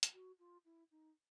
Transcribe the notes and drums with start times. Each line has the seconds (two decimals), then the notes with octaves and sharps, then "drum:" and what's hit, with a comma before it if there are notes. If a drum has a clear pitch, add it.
0.03 drum: hi-hat
0.13 F#4
0.39 F4
0.65 E4
0.92 D#4